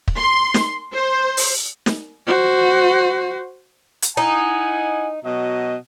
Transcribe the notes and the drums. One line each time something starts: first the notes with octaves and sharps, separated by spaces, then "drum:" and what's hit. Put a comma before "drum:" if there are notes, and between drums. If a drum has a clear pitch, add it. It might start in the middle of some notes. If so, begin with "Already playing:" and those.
drum: kick
C6
drum: snare
C5
drum: open hi-hat
drum: snare
F#4 C5
drum: hi-hat
D#4 E4 F#5 G#5
B2 F#3 D#5